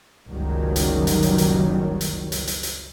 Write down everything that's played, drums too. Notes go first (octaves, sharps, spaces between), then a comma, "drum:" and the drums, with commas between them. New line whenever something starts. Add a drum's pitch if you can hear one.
F#1 C#2 D#3 F#3 G3
drum: hi-hat
drum: hi-hat
drum: hi-hat
drum: hi-hat
drum: hi-hat
drum: hi-hat
drum: hi-hat
drum: hi-hat